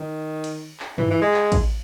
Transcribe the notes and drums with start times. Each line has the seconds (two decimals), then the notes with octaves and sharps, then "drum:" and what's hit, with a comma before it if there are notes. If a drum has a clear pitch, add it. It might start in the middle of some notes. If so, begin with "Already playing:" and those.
Already playing: D#3
0.44 drum: cymbal
0.80 drum: clap
0.98 E3, drum: tom G2
1.10 E3
1.21 G#3
1.34 drum: clap
1.52 drum: kick A1, cymbal